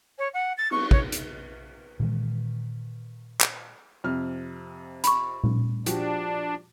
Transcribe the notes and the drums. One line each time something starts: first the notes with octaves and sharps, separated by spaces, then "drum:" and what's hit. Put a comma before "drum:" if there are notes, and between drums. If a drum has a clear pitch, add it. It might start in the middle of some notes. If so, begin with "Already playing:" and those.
C#5
F#5
A6
C#6, drum: cymbal
C#5, drum: kick
drum: hi-hat
A#2 D#3 E3 G#3
drum: clap
F2 C3 F6
B5 C#6, drum: hi-hat
drum: tom A#2
F3 D4 F#4 G4, drum: hi-hat